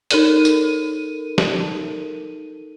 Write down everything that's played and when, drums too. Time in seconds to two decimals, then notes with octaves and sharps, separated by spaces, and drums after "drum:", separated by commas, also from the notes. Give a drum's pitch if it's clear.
0.11 D#4 A4 A#4 D#7, drum: hi-hat
0.45 drum: tambourine
1.38 drum: snare